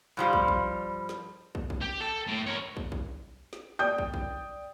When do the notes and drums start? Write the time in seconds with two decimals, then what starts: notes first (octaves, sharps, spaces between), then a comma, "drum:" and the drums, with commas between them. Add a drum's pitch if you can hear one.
0.17 G2 F3 G3
0.33 drum: kick
0.48 drum: kick
1.09 drum: snare
1.55 drum: kick
1.70 drum: kick
1.81 G4
2.00 A4
2.27 A2
2.47 A#4 C#5
2.77 drum: kick
2.92 drum: kick
3.53 drum: snare
3.79 D5 G5 D#6 G6
3.98 drum: kick
4.14 drum: kick